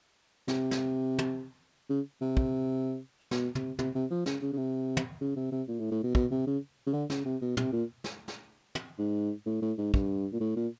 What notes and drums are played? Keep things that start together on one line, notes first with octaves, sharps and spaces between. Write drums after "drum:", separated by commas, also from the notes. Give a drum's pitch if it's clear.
C3, drum: snare
drum: snare
drum: tom
C#3
C3
drum: kick
B2, drum: snare
C3, drum: tom
C3, drum: tom
C3
F3
C#3, drum: snare
C#3
C#3
C3
drum: tom
C#3
C3
C3
A#2
A2
A2
B2
B2, drum: kick
C3
C#3
C#3
D3
C#3, drum: snare
C3
B2
C3, drum: tom
A#2
drum: snare
drum: snare
drum: tom
G#2
A2
A2
G#2
G2, drum: kick
A#2
A2
A#2